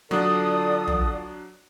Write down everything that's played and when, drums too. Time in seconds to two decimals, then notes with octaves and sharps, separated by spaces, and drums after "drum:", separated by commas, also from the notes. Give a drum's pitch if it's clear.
0.11 D3 F#3 D4 F4 A4 D5 D#6, drum: snare
0.88 drum: tom